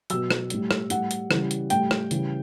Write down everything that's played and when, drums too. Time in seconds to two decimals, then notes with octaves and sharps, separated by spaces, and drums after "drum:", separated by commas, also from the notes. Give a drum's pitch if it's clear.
0.10 B2 F#3 E6, drum: hi-hat
0.30 drum: rim click
0.50 A2 G3, drum: hi-hat
0.71 drum: rim click
0.90 A2 G3 F#5, drum: hi-hat
1.11 drum: hi-hat
1.31 C#3 E3 G3, drum: rim click
1.51 drum: hi-hat
1.70 A2 G3 G5, drum: hi-hat
1.91 drum: rim click
2.11 C#3 E3 G3, drum: hi-hat